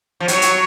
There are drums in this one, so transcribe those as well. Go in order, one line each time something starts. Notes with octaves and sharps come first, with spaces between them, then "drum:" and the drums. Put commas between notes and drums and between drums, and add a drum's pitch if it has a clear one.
F3
F#3 C#5, drum: hi-hat
drum: hi-hat